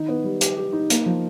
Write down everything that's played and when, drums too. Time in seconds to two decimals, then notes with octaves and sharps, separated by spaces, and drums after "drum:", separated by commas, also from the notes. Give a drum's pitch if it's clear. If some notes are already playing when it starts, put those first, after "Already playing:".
Already playing: D#3 D#4
0.08 B3
0.24 G3
0.41 G4, drum: hi-hat
0.57 G4
0.73 D#4
0.90 A#3, drum: hi-hat
1.06 F3